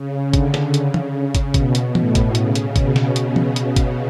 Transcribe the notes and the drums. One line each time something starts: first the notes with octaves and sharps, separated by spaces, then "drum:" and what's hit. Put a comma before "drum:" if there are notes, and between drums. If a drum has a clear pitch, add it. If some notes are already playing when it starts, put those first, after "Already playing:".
Already playing: C#3
D3, drum: kick, hi-hat
drum: snare
C#3, drum: hi-hat
drum: tom
drum: kick, hi-hat
B2, drum: kick, hi-hat
drum: hi-hat
A2, drum: tom E3
drum: kick, hi-hat
C#3, drum: hi-hat
drum: hi-hat
B2, drum: kick, hi-hat
drum: snare
drum: hi-hat
drum: tom E3
drum: hi-hat
drum: kick, hi-hat